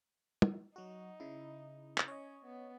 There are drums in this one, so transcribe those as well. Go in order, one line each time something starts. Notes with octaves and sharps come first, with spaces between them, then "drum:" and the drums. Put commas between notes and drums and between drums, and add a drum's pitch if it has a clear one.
drum: tom
F#3 D#4 F#4
C#3 E4
drum: clap
C#4 C#5 D#5
B3